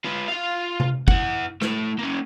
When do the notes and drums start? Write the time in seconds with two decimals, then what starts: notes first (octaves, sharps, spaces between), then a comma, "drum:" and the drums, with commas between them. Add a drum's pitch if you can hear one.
0.05 F4 B4
0.28 F4 F5
0.80 drum: tom C3
1.08 E4 F#5, drum: kick
1.62 A3 E4, drum: rim click
1.99 A#3 C#4